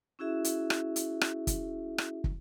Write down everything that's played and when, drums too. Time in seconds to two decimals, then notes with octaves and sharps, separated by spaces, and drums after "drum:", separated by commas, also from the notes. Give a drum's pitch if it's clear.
0.19 C#4 E4 F#4 G#4 E5
0.45 drum: hi-hat
0.70 drum: rim click
0.96 drum: hi-hat
1.21 drum: rim click
1.47 drum: kick, hi-hat
1.98 drum: rim click
2.24 drum: kick